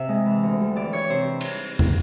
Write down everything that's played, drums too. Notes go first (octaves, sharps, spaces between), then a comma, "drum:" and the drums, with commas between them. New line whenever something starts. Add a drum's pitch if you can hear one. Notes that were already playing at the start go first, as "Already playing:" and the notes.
Already playing: C3 E5
G#3
E3
D2
G3
E3 D5
E3 C#5
C3 C5
drum: cymbal
drum: tom